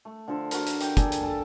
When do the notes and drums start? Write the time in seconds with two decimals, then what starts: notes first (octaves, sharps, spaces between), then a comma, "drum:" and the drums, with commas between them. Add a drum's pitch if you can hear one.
0.05 A3
0.28 D3 F3 A4
0.51 F#4 A#4, drum: hi-hat
0.67 drum: hi-hat
0.81 G4, drum: hi-hat
0.97 G#4 A4 D5, drum: kick, hi-hat
1.12 drum: hi-hat
1.23 A4 A5